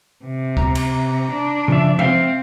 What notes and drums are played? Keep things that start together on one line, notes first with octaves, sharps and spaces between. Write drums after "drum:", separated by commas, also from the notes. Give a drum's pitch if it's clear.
C3
A#5, drum: kick C#2
drum: cymbal
D4
C#3 F3 E5
C4 C5 E5 F5 G5, drum: tom C3